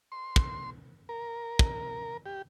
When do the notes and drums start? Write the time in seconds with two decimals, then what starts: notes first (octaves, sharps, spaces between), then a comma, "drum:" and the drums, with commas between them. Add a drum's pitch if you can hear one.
0.12 C6
0.36 drum: kick
1.09 A#4
1.59 drum: kick
2.26 G4